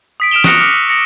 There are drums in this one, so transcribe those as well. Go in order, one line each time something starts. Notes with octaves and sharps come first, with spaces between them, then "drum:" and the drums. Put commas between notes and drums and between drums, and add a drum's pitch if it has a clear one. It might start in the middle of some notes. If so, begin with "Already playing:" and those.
D#6 B6 D7
F6 B6 D7 E7 F7 G7
C#6 D#6 F#6 A#6 C#7 F7, drum: snare
D6 F6 C#7
E6
D#6 A#6 C#7